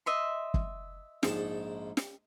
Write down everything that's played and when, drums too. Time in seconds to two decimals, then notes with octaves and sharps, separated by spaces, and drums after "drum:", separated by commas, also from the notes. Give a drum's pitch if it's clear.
0.06 D#5 E5 C6
0.54 drum: kick
1.23 A#1 G#2 A5, drum: snare
1.97 drum: snare